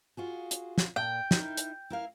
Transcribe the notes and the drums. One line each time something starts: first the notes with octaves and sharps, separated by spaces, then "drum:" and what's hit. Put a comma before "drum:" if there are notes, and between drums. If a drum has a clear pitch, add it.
F4 F#4 G#4
drum: hi-hat
drum: snare
A#2 G5
D#4 E4 A#4, drum: snare
drum: hi-hat
E4 A#4 F5